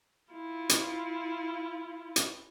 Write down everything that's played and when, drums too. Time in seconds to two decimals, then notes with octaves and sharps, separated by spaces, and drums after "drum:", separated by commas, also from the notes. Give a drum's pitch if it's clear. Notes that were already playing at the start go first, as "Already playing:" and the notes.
0.33 E4 F4
0.69 drum: hi-hat
2.16 drum: hi-hat